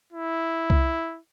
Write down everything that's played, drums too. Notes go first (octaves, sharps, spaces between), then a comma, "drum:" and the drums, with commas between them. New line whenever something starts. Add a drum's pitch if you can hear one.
E4
drum: kick C2